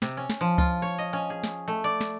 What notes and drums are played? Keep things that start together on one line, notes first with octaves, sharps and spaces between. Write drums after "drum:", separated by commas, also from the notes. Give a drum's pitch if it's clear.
C3, drum: snare
C#4
drum: snare
F3
F4, drum: kick C#2
C#5
D#5
C#4
G#4
drum: snare
A3
D5
drum: snare